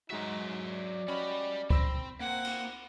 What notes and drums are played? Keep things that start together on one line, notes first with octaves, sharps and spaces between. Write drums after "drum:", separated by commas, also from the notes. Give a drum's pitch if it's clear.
G#2 F#3 G#3 D#4 F#4 E5
D5
G3 C#4 F#4 D#5 B5
C4 B5 E6 A#6, drum: kick C#2
A#3 C4 F#5
drum: cymbal